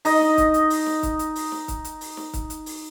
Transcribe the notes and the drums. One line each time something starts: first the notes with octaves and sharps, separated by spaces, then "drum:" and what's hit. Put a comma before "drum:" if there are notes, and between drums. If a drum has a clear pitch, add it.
D#4 D#5, drum: open hi-hat
drum: snare
drum: kick, hi-hat
drum: hi-hat
drum: open hi-hat
drum: snare
drum: kick, hi-hat
drum: hi-hat
drum: open hi-hat
drum: snare
drum: kick, hi-hat
drum: hi-hat
drum: open hi-hat
drum: snare
drum: kick, hi-hat
drum: hi-hat
drum: open hi-hat